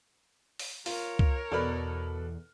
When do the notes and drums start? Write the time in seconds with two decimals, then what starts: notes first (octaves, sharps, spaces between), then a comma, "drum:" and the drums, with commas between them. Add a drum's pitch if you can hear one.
0.59 drum: open hi-hat
0.86 F4 A#4 C#5, drum: open hi-hat
1.19 drum: kick
1.52 E2 B2 A4 B4 D5 F6